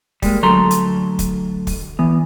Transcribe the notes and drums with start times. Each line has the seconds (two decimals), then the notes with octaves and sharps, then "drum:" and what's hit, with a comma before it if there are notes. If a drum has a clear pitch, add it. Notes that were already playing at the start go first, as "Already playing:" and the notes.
0.22 G3 G#3 A#3, drum: kick, open hi-hat
0.43 D2 F#3 A4 A#5 C6
0.71 drum: hi-hat
1.19 drum: kick, hi-hat
1.67 drum: kick, open hi-hat
1.99 E3 B3